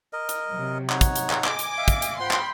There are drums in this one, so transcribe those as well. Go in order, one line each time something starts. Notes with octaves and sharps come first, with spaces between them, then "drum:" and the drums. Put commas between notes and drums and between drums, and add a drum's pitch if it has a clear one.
A#4 D#5
drum: hi-hat
C3 F#3
D#4 C#5 F#5, drum: clap
drum: kick, hi-hat
drum: hi-hat
drum: clap
D#5 G#5 D6, drum: clap
drum: hi-hat
E5 F5
drum: kick, hi-hat
drum: hi-hat
F4 C5 F#5 G5 B5 C6
drum: clap